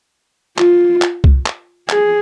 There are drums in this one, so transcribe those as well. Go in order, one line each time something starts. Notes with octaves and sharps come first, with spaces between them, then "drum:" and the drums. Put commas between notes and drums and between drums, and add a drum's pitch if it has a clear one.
F4, drum: clap
drum: clap
drum: kick C2
drum: clap
G#4, drum: clap